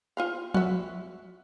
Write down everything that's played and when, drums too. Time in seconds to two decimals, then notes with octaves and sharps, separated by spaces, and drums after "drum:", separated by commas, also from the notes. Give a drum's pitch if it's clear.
0.17 F4 C5 F5
0.54 F#4 E5, drum: tom F3